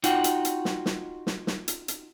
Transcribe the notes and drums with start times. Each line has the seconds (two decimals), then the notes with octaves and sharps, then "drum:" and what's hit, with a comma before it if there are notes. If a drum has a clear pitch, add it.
0.04 D#4 F4 F#4 F#5 G5, drum: hi-hat
0.24 drum: hi-hat
0.45 drum: hi-hat
0.65 drum: snare
0.86 drum: snare
1.27 drum: snare
1.47 drum: snare
1.68 drum: hi-hat
1.88 drum: hi-hat